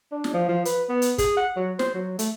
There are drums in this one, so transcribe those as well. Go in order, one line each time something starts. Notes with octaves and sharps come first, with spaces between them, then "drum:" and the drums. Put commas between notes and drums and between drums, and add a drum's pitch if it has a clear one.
D4
drum: snare
F3
F3
B4, drum: hi-hat
B3
drum: hi-hat
G#4, drum: kick, hi-hat
F#5
F#3
C5, drum: snare
F#3
A3, drum: hi-hat